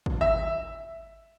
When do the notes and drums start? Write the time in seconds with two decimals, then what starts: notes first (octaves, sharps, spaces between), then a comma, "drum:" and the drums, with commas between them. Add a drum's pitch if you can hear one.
0.06 drum: kick
0.21 E5